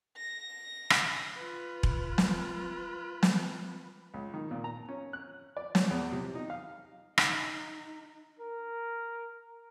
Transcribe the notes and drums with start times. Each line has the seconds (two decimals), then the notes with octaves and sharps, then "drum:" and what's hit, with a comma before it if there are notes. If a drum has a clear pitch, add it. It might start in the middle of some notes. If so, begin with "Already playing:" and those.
0.17 A#6
0.90 drum: rim click
1.37 F4 B4
1.83 drum: kick E1
2.18 drum: snare
3.23 drum: snare
4.14 C#2
4.34 D#3
4.51 A#2
4.64 A#5
4.89 C#4
5.13 F#6
5.57 D5
5.75 C#5, drum: snare
5.91 E2
6.12 C3
6.35 D#4
6.50 F5
7.18 D#4, drum: rim click
8.40 A#4